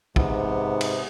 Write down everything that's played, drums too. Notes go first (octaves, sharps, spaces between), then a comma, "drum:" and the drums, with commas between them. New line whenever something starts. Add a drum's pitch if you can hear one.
G#2 C3 B3, drum: kick
drum: cymbal